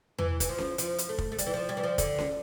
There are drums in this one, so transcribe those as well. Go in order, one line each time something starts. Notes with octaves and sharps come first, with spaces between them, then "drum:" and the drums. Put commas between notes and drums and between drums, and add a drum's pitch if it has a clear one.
E3, drum: tom E2
E3, drum: kick, hi-hat
F3
drum: snare C#4
F3, drum: hi-hat
drum: hi-hat
A3
drum: kick
A3
G3, drum: hi-hat
E3
F3
G3
E3
F3
D3, drum: kick, hi-hat
drum: snare C#4